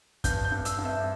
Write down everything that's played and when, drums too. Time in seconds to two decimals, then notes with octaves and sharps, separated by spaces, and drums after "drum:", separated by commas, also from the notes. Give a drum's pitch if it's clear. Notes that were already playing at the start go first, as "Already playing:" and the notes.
0.24 G2 G6, drum: kick, hi-hat
0.45 G6
0.52 G2
0.65 E6, drum: hi-hat
0.78 G2
0.85 E5